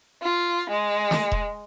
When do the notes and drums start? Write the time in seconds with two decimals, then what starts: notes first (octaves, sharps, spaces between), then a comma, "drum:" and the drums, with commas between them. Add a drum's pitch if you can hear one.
0.21 F4
0.69 G#3
1.11 drum: snare
1.32 drum: kick E1